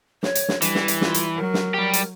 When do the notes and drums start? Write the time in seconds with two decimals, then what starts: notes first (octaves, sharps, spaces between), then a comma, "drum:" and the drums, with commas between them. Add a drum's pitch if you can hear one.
0.23 C#5, drum: snare
0.35 drum: hi-hat
0.49 drum: snare
0.62 E3 G3 D4, drum: hi-hat
0.75 drum: snare
0.88 drum: hi-hat
1.01 F4, drum: snare
1.14 drum: hi-hat
1.36 F#3 A#4
1.54 drum: snare
1.74 G3 G4
1.93 drum: hi-hat